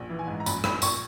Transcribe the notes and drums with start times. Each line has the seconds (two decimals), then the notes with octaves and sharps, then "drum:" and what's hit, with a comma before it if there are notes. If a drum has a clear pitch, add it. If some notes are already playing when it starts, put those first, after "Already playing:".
Already playing: A#1
0.09 E3
0.19 G#5
0.27 G#2
0.40 A#5
0.46 A#1 B5, drum: tambourine
0.64 A#1 B5, drum: rim click
0.82 A#1 C#6, drum: tambourine